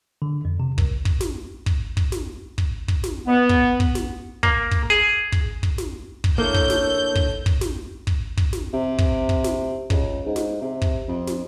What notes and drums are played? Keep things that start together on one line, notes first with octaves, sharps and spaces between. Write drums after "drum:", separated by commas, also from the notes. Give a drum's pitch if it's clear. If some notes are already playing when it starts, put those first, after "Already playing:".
D3
F2
C3
C2, drum: kick
drum: kick
drum: snare
drum: kick
drum: kick
drum: snare
drum: kick
drum: kick
drum: snare
B3
drum: kick
drum: kick
drum: snare
A#3, drum: kick
drum: kick
G#4
drum: kick
drum: kick
drum: snare
drum: kick
D3 A#3 E4 A4 C#5 G6
drum: kick
drum: snare
drum: kick
drum: kick
drum: snare
drum: kick
drum: kick
drum: snare
C3
drum: kick
drum: kick
drum: snare
C#2, drum: kick
G#2
drum: snare
C3
drum: kick
F2
drum: snare